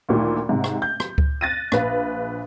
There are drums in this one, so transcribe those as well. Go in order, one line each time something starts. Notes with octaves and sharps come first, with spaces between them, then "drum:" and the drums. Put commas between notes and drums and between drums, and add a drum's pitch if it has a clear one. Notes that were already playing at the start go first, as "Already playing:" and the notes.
D2 A#2 D#3
G#2 C3
drum: rim click
G6
drum: rim click
drum: kick C#2
F#6 A6 A#6 D#7
A#1 B4 F5, drum: rim click